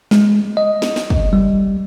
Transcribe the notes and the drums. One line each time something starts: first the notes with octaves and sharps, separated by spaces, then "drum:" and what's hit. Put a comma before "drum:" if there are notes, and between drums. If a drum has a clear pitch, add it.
G#3, drum: snare
D#5
drum: snare
drum: snare
drum: kick
G3